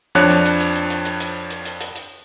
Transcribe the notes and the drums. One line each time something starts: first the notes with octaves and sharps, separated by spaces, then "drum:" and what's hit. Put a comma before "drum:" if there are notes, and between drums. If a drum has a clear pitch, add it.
F2 F3 D4 C#5 F#6, drum: hi-hat
drum: hi-hat
drum: hi-hat
drum: hi-hat
drum: hi-hat
drum: hi-hat
drum: hi-hat
drum: hi-hat
drum: hi-hat
drum: hi-hat
drum: hi-hat
drum: hi-hat